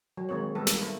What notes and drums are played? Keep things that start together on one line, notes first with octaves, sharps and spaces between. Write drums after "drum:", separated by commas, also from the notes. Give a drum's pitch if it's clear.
F#3
D#3 G#3 A#3 C4 C#5
G3 G#3 B3 A4
A#3 D#4, drum: snare
A3